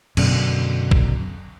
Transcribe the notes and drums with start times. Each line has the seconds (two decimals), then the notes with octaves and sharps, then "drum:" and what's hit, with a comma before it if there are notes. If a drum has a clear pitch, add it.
0.17 F#2 B2 D3, drum: cymbal
0.91 drum: kick